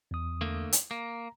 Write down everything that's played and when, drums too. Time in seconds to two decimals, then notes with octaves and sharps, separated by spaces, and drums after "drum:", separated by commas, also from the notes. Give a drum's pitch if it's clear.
0.11 E2 D#6
0.41 D3 A3 A#3
0.73 drum: hi-hat
0.91 A#3 A#5